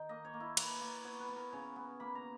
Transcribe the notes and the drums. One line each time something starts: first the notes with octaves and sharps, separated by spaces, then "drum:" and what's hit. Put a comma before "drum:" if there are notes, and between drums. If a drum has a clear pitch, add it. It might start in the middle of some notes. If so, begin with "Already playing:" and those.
Already playing: D#3 G5
A#3 D#5
C#5
A#3
E4
A#3 B4, drum: cymbal
A#3
B3 C#5
B4
B3
A#4
C#3 C#5
B3
A#3 B5
A#5